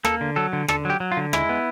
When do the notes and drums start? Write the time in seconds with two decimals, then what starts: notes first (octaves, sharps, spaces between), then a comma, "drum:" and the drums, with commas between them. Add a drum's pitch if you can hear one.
0.05 A#3 A4, drum: rim click
0.21 D3
0.36 F#3 A4
0.53 D3
0.68 D3 A4, drum: rim click
0.85 F#3 G4
1.00 F#3
1.12 F4
1.17 D3
1.33 G#3 E4, drum: rim click
1.49 B3